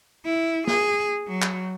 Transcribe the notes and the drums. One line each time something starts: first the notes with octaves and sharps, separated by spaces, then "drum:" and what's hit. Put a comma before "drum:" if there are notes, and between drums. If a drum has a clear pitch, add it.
E4
G#4, drum: snare
F#3
drum: clap